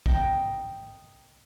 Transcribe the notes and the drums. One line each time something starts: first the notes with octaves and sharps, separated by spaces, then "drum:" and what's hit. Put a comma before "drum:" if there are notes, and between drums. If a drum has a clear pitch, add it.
A#4 D#5 G5, drum: kick A1